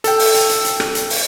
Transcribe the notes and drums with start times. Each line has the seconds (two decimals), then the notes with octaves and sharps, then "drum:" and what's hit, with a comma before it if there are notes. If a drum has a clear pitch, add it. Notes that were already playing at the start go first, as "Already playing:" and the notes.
0.04 A4 G5, drum: hi-hat
0.19 drum: open hi-hat
0.34 drum: hi-hat
0.50 drum: hi-hat
0.65 drum: hi-hat
0.80 drum: rim click
0.95 drum: hi-hat
1.10 drum: open hi-hat